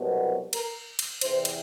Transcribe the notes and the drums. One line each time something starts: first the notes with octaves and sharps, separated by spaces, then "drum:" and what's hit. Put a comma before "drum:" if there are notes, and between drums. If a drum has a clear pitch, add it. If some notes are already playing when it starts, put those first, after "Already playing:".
Already playing: C2 B2 F#3 B3
A#4, drum: cymbal
drum: cymbal
E2 C3 E3 C5, drum: cymbal
drum: cymbal